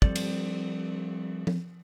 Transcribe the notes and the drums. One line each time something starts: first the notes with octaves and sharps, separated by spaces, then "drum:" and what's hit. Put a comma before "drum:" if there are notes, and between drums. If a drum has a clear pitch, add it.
F3 G3 C4 A4 D5, drum: kick
drum: cymbal
drum: tom F3